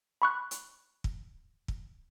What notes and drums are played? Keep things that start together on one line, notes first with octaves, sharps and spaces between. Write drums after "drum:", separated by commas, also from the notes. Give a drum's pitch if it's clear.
B5 C#6 F#6
drum: hi-hat
drum: kick
drum: kick